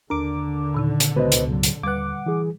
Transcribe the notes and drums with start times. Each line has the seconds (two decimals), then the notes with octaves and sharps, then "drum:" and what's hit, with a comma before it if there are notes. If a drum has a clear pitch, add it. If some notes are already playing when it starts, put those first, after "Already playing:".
0.10 D#2 D3 D4 A#4 D6
0.74 A#2 D#3 D#4
1.00 drum: hi-hat
1.16 C#2 B2 B4 C5 D#5
1.32 drum: hi-hat
1.48 G#2 C#3 F#3
1.63 drum: hi-hat
1.83 D#2 G3 B4 F#5 D6
2.26 E3 G#4